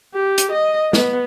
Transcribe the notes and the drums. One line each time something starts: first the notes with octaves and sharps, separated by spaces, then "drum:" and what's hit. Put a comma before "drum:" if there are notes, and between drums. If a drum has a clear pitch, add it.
G4
drum: hi-hat
D#5
B3, drum: snare